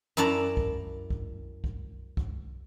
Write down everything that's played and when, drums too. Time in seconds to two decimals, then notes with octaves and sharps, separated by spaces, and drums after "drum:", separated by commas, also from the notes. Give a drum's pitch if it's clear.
0.17 F#2 E4 D5 A5 A#5
0.57 drum: kick C2
1.10 drum: kick C2
1.64 drum: kick C2
2.17 drum: kick C2